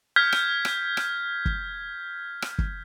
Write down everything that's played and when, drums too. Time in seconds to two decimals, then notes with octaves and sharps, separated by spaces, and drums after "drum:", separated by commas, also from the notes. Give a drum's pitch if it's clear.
0.16 F6 G6 G#6 B6
0.32 drum: rim click
0.65 drum: rim click
0.97 drum: rim click
1.45 drum: kick
2.42 drum: rim click
2.58 drum: kick